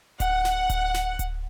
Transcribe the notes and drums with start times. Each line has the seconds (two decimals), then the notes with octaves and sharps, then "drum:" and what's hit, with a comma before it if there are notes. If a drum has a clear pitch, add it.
0.20 F#5, drum: kick D1, hi-hat
0.45 drum: snare
0.70 drum: kick D1, hi-hat
0.94 drum: snare
1.19 drum: kick D1, hi-hat